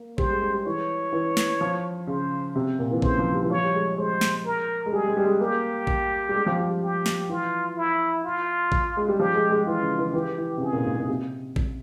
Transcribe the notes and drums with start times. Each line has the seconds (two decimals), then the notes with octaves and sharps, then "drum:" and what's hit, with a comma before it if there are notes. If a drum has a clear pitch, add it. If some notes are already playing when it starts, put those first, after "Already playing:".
Already playing: A#3
0.18 G3 C5, drum: kick A1
0.30 G#3
0.42 G#3
0.54 G3
0.66 E3 C#5
1.13 E3
1.37 drum: snare
1.61 F3
2.07 C#3 C5
2.56 C3
2.79 A#2
2.91 E3
3.02 C#3 C5, drum: kick A1
3.19 F3
3.34 G3
3.42 E3
3.50 F3 C#5
3.64 G3
3.74 G#3
3.97 G#3 C5
4.21 drum: snare
4.46 A#4
4.86 G#3
4.92 G3 G#4
5.08 G#3
5.17 G3
5.25 G#3
5.40 A#3 G4
5.87 drum: kick A1
6.29 G3
6.34 G#3
6.46 F3
6.59 G3
6.82 G4
7.06 drum: snare
7.29 E3 F4
7.77 E4
8.24 F4
8.72 drum: kick A1
8.97 G#3
9.08 G3
9.19 F3 G4
9.35 G#3
9.51 G#3
9.66 E3 F4
9.83 C#3
9.98 E3
10.14 E3 G4
10.38 E3
10.57 C3
10.61 C#3 G#4
10.73 A#2
10.85 G#2
10.97 A#2
11.08 C3
11.56 drum: kick A1